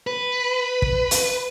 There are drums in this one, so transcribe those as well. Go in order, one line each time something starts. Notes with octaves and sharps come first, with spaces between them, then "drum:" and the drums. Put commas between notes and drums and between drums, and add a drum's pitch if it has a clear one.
B4
drum: kick
drum: hi-hat